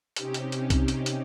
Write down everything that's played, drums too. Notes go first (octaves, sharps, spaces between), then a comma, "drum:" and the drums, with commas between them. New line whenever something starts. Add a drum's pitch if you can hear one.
C3 C4 C#4 D#4 G4, drum: hi-hat
drum: hi-hat
drum: hi-hat
drum: kick C2, hi-hat
drum: hi-hat
drum: hi-hat